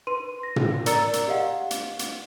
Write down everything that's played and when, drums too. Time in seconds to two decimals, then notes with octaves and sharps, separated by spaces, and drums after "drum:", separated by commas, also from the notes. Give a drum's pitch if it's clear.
0.07 B4 C6 D#7
0.43 A#6
0.56 drum: tom
0.86 A#4 D5 A#5 E6 A6 C#7, drum: hi-hat
1.13 drum: hi-hat
1.28 G4 D#5 F5 F#5
1.71 drum: hi-hat
1.99 drum: hi-hat